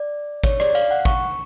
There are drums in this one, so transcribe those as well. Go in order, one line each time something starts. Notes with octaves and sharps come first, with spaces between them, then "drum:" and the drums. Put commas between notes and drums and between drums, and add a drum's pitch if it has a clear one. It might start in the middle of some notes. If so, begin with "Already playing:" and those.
Already playing: D5
C#5, drum: kick, hi-hat
D5, drum: rim click
F5, drum: hi-hat
F#5
C#6, drum: kick, hi-hat